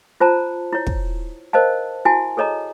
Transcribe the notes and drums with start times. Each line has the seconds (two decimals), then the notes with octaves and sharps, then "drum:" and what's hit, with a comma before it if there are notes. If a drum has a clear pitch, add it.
0.20 F4 C5 A5 A#5
0.73 E4 C#5
0.87 drum: kick
1.53 A#4 C5 D#5 F5 A5
2.05 E4 F#4 G#5 A5
2.37 G#4 A4 C#5 D#5 A#5